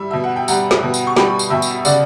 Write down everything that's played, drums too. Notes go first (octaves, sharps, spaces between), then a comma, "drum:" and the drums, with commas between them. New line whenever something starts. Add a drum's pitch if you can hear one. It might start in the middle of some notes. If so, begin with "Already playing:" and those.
Already playing: G3 E5
B2 E5
F#5
G5
G3 F#5 A#5, drum: tambourine
drum: snare
B2
drum: tambourine
C#6
G3 G5 B5, drum: snare
drum: tambourine
B2 E5 G5
drum: tambourine
C#3 D5 F#5, drum: tambourine